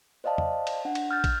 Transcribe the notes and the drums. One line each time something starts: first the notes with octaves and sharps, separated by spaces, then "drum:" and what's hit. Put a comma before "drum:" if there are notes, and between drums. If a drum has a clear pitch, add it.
C5 D5 D#5 F5 A5
drum: tom E2
drum: cymbal
D4 F#5
drum: cymbal
F6 G6 A6
drum: kick, cymbal